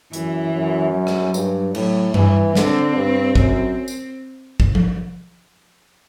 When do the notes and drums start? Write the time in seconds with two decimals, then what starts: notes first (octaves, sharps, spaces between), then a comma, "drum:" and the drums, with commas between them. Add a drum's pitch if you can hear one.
0.13 F#2 E3, drum: hi-hat
0.54 F#2
0.94 F#3
1.07 drum: rim click
1.34 G2, drum: tambourine
1.75 A2 F#3, drum: cymbal
2.14 E3 G3, drum: tom G2
2.55 D3 C4, drum: snare
2.95 G2
3.35 F#2, drum: kick
3.88 drum: tambourine
4.60 drum: kick
4.75 drum: tom F3